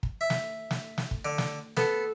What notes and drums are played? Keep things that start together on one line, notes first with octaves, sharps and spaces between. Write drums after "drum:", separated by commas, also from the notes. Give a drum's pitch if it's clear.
drum: kick
E5
drum: snare
drum: snare
drum: snare
drum: kick
D3
drum: snare
B3 A4, drum: snare